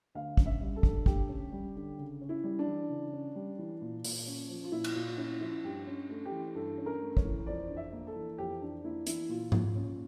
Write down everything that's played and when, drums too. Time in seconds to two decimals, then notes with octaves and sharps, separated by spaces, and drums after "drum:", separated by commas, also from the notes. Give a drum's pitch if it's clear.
0.15 D2 F5
0.37 C#4, drum: kick
0.46 E5
0.61 G3
0.76 A4
0.83 D3, drum: kick
1.06 D2 G4, drum: kick
1.29 C#4
1.52 G3
1.75 D3
1.98 C#3
2.21 C#4
2.29 E4
2.44 G3
2.59 D4
2.67 E3
2.90 C#3
3.13 C#4
3.35 G3
3.59 E3
3.82 A#2
4.04 A#2, drum: open hi-hat
4.27 C#4
4.49 F3
4.64 F4
4.72 A#2 E4
4.84 drum: cymbal
4.95 A#2 F4
5.09 F4
5.18 C#4 E4
5.41 F3 E4
5.64 G2 G4
5.87 C#4
6.10 A3
6.25 G4
6.32 E3
6.55 G2 A4
6.78 C#4
6.86 A#4
7.01 A3
7.17 C#5, drum: kick
7.25 E3
7.46 F2 D5
7.69 D4
7.77 E5
7.93 A#3
8.07 A4
8.16 E3
8.38 F2 G4
8.62 D4
8.84 A#3 E4
9.07 E3 E4, drum: hi-hat
9.29 A#2 F4
9.52 A#2, drum: tom G#2
9.76 C#4